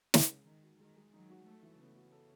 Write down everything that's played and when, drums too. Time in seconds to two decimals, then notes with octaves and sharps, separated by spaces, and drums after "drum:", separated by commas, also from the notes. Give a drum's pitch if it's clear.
0.14 C#3 G#3, drum: snare
0.30 G#3
0.47 D#3 D#4
0.63 F#4
0.80 D#3 G#3
0.97 G#3
1.13 D#3 F#3 D#4
1.30 F#4
1.46 F#3 A3 A4
1.63 E3
1.80 C#3 B3
1.96 F#4
2.12 A4